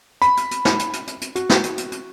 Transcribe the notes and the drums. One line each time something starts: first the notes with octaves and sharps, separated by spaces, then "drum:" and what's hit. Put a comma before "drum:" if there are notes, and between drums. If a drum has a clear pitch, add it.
B5, drum: hi-hat
drum: hi-hat
drum: hi-hat
drum: snare
drum: hi-hat
drum: hi-hat
drum: hi-hat
drum: hi-hat
F#4, drum: hi-hat
drum: snare
drum: hi-hat
drum: hi-hat
drum: hi-hat